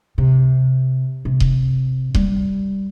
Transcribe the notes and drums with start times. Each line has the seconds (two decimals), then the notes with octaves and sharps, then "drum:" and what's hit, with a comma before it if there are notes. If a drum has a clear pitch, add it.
0.18 C3
1.25 C3
1.40 drum: kick D#1
2.15 G3, drum: kick D#1